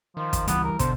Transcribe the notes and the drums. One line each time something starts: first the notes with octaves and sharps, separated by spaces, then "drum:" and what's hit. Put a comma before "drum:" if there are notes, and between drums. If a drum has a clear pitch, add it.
D#3 F3
drum: kick, hi-hat
C#2 E3 G3 B3, drum: hi-hat
A#4
B2 D3 C5, drum: kick, hi-hat